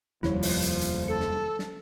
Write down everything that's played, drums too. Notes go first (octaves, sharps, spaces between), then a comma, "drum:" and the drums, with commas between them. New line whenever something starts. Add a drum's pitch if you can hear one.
F1 D#2 F3 G3 E4 C#5, drum: snare
drum: open hi-hat
drum: hi-hat
drum: hi-hat
A4 C#7
drum: snare
drum: snare